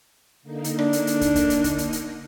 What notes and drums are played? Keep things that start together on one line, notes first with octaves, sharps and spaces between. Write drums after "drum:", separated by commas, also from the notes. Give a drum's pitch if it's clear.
D3 A#3 D#4
drum: hi-hat
D4, drum: rim click
drum: hi-hat
drum: hi-hat
drum: kick, hi-hat
drum: kick, hi-hat
drum: hi-hat
drum: kick, hi-hat
drum: hi-hat
drum: hi-hat